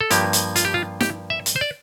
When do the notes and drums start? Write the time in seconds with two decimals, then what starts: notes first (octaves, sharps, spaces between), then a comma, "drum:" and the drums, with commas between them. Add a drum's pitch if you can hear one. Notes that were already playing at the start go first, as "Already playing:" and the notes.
0.01 A4
0.10 G2 F3 A#3 G4, drum: hi-hat
0.33 drum: hi-hat
0.56 F4, drum: hi-hat
0.65 G4
0.74 F4
1.01 G4, drum: snare
1.30 E5
1.46 drum: hi-hat
1.56 C5
1.61 D5